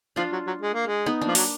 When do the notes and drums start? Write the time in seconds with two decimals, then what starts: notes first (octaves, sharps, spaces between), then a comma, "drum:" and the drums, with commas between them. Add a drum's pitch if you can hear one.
0.16 F3 D4 F4
0.32 F#3
0.47 F#3
0.61 G#3
0.74 A#3
0.86 G#3
1.06 B3 D#4
1.21 A#3 D4
1.27 F3
1.35 F#3, drum: open hi-hat